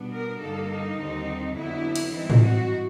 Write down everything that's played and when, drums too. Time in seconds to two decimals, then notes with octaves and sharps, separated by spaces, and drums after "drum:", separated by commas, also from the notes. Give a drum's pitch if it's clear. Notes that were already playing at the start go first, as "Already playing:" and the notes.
Already playing: B2 G3 B3 D4
0.12 A#4
0.40 G2 D3 G3 A#3 D#4 A4
0.69 D#4
0.98 D#2 D3 G3 C4
1.56 F2 D3 F#3 B3 D4 E4
1.96 drum: cymbal
2.13 G#2 E3 G3 C4 D#4 E4
2.30 drum: tom A2
2.43 F#4